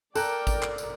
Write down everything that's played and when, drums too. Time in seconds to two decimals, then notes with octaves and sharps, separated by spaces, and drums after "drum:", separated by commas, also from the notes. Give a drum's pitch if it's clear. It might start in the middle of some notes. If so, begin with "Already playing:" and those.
0.15 A4 A#4 D5 G5 A#5 F#6, drum: tambourine
0.47 drum: kick G#1, tambourine
0.63 drum: clap
0.78 drum: tambourine